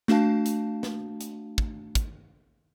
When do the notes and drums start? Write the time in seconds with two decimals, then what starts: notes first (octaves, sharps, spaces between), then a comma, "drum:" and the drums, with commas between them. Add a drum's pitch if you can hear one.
0.08 A3 D4 F#4 F5 A5, drum: snare
0.46 drum: hi-hat
0.83 drum: snare
1.21 drum: hi-hat
1.58 drum: kick
1.95 drum: kick, hi-hat